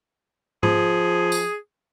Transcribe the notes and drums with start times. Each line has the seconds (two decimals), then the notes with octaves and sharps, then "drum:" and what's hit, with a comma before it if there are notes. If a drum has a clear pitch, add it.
0.63 F3 G#4, drum: tom G#2
1.32 drum: tambourine